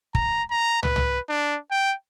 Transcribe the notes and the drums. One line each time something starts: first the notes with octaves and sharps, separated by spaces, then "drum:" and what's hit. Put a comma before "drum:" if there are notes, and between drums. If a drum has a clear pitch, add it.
A#5, drum: kick
A#5
B4, drum: tom
drum: tom
D4
G5